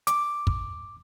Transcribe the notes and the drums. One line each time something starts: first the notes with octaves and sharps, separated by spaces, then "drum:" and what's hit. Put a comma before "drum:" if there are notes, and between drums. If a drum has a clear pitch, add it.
D6, drum: hi-hat
drum: kick